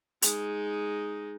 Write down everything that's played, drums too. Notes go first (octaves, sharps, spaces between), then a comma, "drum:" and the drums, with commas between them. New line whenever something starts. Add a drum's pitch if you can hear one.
G#3 D#4, drum: hi-hat